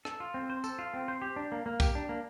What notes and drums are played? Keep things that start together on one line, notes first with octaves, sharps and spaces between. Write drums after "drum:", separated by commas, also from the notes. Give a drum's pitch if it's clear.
A4, drum: rim click
F4
C4
C5
A4, drum: tambourine
F4
C4
C5
G4
D4
A#3
A#3
G4, drum: kick, tambourine
D4
A#3